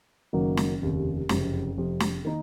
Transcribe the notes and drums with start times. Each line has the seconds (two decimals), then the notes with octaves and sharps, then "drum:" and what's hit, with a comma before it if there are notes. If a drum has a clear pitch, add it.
0.33 F#1 F#2 D#3 F#3 A#3
0.57 drum: snare
0.82 F1 D#2 C#3
1.29 F#1 F2 C3, drum: snare
1.77 F1 F2 C3
2.00 drum: snare
2.25 D#3 A#3 D#4